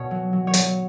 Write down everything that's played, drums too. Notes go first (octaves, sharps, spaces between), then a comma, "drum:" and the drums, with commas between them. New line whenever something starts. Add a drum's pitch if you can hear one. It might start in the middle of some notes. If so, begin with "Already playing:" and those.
Already playing: B2 C#5
F#3
F#3
C#5
F#3, drum: hi-hat